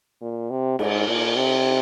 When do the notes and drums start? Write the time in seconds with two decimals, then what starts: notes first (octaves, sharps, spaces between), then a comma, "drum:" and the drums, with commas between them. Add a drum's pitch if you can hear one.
0.21 A#2
0.50 C3
0.79 G#2, drum: cymbal
1.08 A#2
1.36 C3